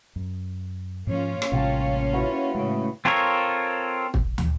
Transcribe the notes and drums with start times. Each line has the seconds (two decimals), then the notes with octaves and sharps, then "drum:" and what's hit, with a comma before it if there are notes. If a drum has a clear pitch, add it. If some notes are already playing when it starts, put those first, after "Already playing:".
0.16 F#2
1.07 G#2 F3 A#3 C#4 F4
1.42 drum: rim click
1.52 A1 C3 G3 F5 G5 A5
2.12 E4 F#4 B4
2.55 A2 C#3 G#3 A3
3.05 C4 F4 A4 A#4 C#5
4.14 drum: kick
4.38 drum: tom